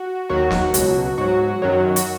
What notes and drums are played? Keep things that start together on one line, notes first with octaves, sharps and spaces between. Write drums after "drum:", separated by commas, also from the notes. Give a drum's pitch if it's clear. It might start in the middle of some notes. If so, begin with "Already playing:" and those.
Already playing: F#4
D#2 D#3 F#3 F#4
drum: snare
C#2 B2 F#3, drum: hi-hat
G#2 F#3 F#4
F#2 D#3 F#3
F#4, drum: hi-hat